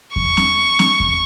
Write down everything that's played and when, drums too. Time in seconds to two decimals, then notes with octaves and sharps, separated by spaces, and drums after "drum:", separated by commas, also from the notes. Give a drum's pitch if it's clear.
0.16 C#6, drum: kick E2
0.37 drum: snare C4
0.79 drum: snare C4
1.00 drum: kick E2